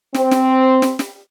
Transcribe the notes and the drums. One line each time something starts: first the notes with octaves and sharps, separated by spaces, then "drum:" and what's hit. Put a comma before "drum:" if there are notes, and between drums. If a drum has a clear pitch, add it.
C4, drum: snare
drum: snare
drum: snare
drum: snare